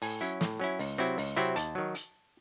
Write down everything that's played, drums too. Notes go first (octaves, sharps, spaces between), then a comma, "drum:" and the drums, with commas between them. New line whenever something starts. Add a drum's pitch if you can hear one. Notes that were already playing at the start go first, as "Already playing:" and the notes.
A2 G#5, drum: open hi-hat
F#3 C#4 E4
A2, drum: snare
F#3 C#4 E4
C#2, drum: open hi-hat
C3 F#3 C4 E4
C#2, drum: open hi-hat
C3 F#3 C4 E4
D#2 A5, drum: hi-hat
D#3 F#3
drum: hi-hat